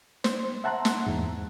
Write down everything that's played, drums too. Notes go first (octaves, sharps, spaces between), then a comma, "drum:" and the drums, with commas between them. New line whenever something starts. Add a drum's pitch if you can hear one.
C5, drum: snare
E5 F#5 A5 A#5 C6 F#6
drum: snare
E2 G#2